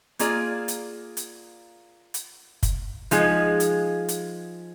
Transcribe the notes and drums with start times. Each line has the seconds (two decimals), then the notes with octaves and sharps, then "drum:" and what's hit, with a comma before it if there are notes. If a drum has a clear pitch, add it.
0.19 A#3 F4 G#4 D5, drum: hi-hat
0.68 drum: hi-hat
1.17 drum: hi-hat
2.14 drum: hi-hat
2.63 drum: kick, hi-hat
3.11 F3 G#3 D#4 G#4, drum: hi-hat
3.60 drum: hi-hat
4.09 drum: hi-hat